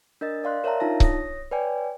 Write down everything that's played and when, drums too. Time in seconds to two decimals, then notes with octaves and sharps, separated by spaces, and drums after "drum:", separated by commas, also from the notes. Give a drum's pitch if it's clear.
0.21 D4 A#4 D#5 A6
0.44 D5 F5 C6 F#6
0.64 A#4 C#5 E5 F5 A5 A#5
0.80 D4 D#4 F4 A5 A#6
1.00 C#5 D#6 A#6, drum: kick C#1
1.51 B4 C#5 D5 G5 G#5